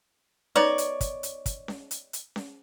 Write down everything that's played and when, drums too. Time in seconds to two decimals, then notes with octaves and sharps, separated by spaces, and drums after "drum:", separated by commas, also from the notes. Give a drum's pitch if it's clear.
0.56 B3 D#4 C#5 D5, drum: snare C#4
0.78 drum: hi-hat
1.01 drum: kick, hi-hat
1.23 drum: hi-hat
1.46 drum: kick, hi-hat
1.68 drum: snare C#4
1.91 drum: hi-hat
2.13 drum: hi-hat
2.36 drum: snare C#4